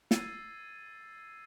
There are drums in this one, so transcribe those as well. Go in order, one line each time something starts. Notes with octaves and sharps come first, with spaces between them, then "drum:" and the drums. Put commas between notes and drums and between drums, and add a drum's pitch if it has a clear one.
E6 G#6 A6 C7 D#7, drum: snare